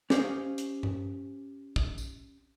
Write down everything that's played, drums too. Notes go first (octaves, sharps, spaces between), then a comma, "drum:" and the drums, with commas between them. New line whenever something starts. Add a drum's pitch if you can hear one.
C#4 G4 C5 C#5 D#5 F5, drum: snare
drum: hi-hat
drum: tom G2
drum: kick
drum: tambourine